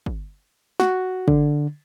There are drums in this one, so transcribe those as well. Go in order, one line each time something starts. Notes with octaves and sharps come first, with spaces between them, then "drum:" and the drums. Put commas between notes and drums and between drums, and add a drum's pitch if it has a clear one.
drum: kick
F#4, drum: snare
D3, drum: kick